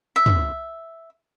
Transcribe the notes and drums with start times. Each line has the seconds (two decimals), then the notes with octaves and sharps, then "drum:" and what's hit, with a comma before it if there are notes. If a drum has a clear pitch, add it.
0.16 E5
0.26 drum: tom